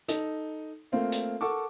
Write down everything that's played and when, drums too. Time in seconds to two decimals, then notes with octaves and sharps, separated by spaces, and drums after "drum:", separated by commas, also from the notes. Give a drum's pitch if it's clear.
0.08 D#4 A4, drum: hi-hat
0.92 A3 A#3 C4 F4 F5
1.12 drum: hi-hat
1.41 A4 A#4 F#5 A5 C#6 D6